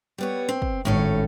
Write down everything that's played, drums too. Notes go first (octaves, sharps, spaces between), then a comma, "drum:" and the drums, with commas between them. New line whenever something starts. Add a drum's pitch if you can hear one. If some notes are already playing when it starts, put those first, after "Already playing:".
G3 B3 C#5
C4
drum: kick
G#1 A2 C#4 A4